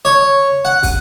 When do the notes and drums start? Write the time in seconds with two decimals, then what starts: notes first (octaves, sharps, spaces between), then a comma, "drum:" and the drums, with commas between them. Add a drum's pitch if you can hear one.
0.05 C#5
0.65 F#5
0.83 drum: kick, open hi-hat